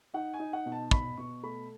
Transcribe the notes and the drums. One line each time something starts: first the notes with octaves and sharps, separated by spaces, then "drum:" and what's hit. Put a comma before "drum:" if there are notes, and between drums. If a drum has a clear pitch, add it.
D#4 F#5
G#5
D#4
F#5
B2
A5
B2 B5, drum: kick
B2 C#6
A3 B5